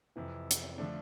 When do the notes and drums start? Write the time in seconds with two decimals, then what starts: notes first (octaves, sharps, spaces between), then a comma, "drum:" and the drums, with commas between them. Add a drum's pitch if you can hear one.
0.16 F2 C3 E3
0.51 drum: hi-hat
0.78 D3 F3 A3 D4